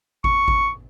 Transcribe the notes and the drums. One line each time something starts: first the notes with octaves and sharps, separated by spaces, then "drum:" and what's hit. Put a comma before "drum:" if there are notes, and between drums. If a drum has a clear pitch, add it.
C#6, drum: kick G#1
drum: kick G#1